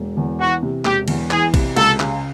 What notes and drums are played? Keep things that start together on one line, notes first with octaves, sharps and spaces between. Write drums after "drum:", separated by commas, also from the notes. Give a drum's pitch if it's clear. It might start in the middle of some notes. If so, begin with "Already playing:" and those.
Already playing: E1
E2
E3 F#4
C3
E1 G4, drum: clap
E2, drum: cymbal
E3 G#4, drum: clap
C3, drum: kick, cymbal
C#2 A4, drum: cymbal
C#3, drum: clap